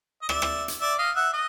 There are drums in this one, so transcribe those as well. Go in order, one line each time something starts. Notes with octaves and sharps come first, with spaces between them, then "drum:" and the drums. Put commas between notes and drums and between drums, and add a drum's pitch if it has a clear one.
D#5
D5 E5, drum: rim click
drum: rim click
drum: hi-hat
D5 E5
D#5 F5
E5 F#5
D#5